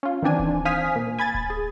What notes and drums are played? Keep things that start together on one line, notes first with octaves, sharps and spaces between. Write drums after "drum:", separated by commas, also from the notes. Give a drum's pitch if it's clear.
C#4 F4
D#3 E3 C4 D4 G#5
drum: kick D1
C5 F5 G#5 D#6 F6 B6
A#2
G#5 B5 G#6 A6
drum: kick D1
G#4